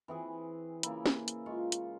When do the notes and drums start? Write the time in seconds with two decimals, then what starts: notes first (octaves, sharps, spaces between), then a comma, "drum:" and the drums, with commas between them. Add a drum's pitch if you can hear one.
0.08 E3 C4 G#4
0.83 C#3 A#3 E4, drum: hi-hat
1.06 drum: snare
1.28 drum: hi-hat
1.46 G#3 F4 C#6
1.72 drum: hi-hat